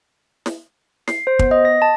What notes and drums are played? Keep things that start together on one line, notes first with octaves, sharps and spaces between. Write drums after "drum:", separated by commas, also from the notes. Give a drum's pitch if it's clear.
drum: snare
C7, drum: snare
C5
B3, drum: kick
D#5
A#6
A5